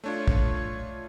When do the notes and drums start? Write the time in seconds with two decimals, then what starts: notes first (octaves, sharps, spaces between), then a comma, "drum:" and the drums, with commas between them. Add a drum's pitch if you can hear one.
0.04 A3 D4 F4 C#5
0.28 drum: kick